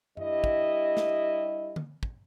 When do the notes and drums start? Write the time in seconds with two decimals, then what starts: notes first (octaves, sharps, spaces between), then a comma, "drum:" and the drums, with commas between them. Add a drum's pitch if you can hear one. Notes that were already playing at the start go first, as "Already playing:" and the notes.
0.17 G2 G3 E4 D#5, drum: tom F#2
0.44 drum: kick
0.97 drum: snare
1.76 drum: tom D3
2.03 drum: kick